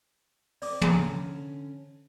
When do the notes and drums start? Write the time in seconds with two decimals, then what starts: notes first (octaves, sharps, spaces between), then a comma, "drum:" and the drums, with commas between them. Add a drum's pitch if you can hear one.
0.62 C4 D5 D6, drum: open hi-hat
0.81 D3 C#4 G#5 A#5, drum: tom